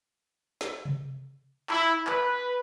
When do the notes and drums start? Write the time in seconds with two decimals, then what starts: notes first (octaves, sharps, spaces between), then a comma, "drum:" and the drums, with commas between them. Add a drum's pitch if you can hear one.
0.61 drum: snare
0.85 drum: tom C3
1.69 E4, drum: clap
2.07 B4, drum: clap